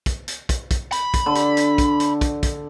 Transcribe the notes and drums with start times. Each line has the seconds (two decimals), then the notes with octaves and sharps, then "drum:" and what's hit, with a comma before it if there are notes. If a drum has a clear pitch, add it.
0.06 drum: kick, hi-hat
0.28 drum: hi-hat
0.49 drum: kick, hi-hat
0.71 drum: kick, hi-hat
0.92 B5, drum: hi-hat
1.14 drum: kick, hi-hat
1.26 D3
1.35 drum: hi-hat
1.57 drum: hi-hat
1.78 drum: kick, hi-hat
2.00 drum: hi-hat
2.21 drum: kick, hi-hat
2.43 drum: kick, hi-hat